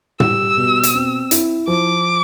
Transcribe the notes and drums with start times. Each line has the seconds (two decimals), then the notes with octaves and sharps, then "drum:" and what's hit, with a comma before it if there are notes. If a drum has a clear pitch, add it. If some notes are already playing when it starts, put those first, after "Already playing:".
0.20 G3 E6, drum: tom
0.57 B2
0.83 drum: hi-hat
0.95 C4
1.31 E4, drum: hi-hat
1.67 F3 D6